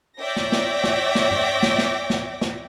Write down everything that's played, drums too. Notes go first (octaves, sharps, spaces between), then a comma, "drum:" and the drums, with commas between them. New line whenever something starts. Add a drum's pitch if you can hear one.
C#5 D5 E5 G5 D6 A#6
drum: snare
drum: snare
drum: snare
drum: snare
drum: tom G2
drum: snare
drum: snare
drum: snare
drum: snare